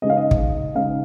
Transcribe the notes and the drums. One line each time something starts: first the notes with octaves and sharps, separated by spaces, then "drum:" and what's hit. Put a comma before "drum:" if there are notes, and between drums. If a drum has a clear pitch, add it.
C#3 G#3 D#4 D#5
F5
D#5
drum: kick
C#3 G#3 D#4 F5